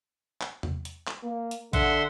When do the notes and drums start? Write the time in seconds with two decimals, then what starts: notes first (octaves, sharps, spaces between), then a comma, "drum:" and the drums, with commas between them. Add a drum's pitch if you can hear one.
0.41 drum: clap
0.63 drum: tom E2
0.85 drum: hi-hat
1.07 drum: clap
1.24 A#3
1.51 drum: hi-hat
1.73 D3 E5 F#5 C6, drum: kick, hi-hat